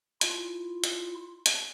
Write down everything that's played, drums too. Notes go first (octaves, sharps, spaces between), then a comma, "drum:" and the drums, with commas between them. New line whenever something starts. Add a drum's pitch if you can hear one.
E4 F4, drum: hi-hat
drum: hi-hat
drum: hi-hat